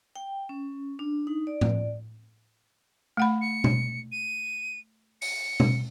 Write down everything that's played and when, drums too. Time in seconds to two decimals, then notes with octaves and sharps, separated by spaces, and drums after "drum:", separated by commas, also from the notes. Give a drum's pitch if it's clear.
0.16 G5
0.49 C#4
0.99 D4
1.27 D#4
1.47 D5
1.61 drum: tom A2
3.17 A3 F#5 B5
3.41 C#7
3.64 drum: tom B2
4.12 D#7
5.21 C#7, drum: open hi-hat
5.60 drum: tom B2